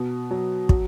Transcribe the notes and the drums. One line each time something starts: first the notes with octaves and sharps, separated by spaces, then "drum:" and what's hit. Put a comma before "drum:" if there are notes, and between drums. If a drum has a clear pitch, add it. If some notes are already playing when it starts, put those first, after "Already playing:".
Already playing: B2
F#3
F#3, drum: kick